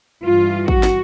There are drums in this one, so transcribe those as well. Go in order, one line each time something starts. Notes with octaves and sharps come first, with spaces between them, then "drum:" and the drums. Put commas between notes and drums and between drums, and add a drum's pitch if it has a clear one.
G2 E3 F4
F#4, drum: kick
drum: snare